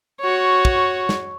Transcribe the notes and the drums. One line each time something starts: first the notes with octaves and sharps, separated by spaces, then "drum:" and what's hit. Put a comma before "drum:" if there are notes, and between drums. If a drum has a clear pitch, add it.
F#4 C#5
drum: kick
drum: snare